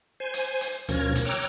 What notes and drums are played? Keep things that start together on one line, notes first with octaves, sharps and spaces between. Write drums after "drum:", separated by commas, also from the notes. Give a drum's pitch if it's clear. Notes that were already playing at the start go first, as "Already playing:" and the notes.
C5 G#5
drum: hi-hat
drum: hi-hat
D2 B2 F3 C#4 A#4 G#6, drum: hi-hat
drum: hi-hat
C#5 G5 A#5 D6 E6 F#6